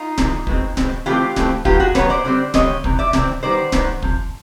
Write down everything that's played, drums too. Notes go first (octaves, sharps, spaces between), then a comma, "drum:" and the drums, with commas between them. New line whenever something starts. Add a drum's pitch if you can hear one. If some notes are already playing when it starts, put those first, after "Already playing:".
Already playing: D#4 F4
C3 E3 G#3, drum: snare D1
B2 G#3 C4, drum: kick
B2 G#3 C4, drum: snare D1
E3 A3 C4 F4 G4
E3 A3 C4, drum: snare D1
B2 F#3 B3 F4 G4, drum: kick
F#4 G#4
B2 F#3 B3 B4 C#5, drum: snare D1
C5 D5
D3 G3 C4
D3 G3 C4 C#5 D#5, drum: snare D1
C3 E3, drum: kick
D5 E5
C3 E3 C4, drum: snare D1
D#3 G3 B3 C5 D5
D#3 G3 B3, drum: snare D1
C3 F3, drum: kick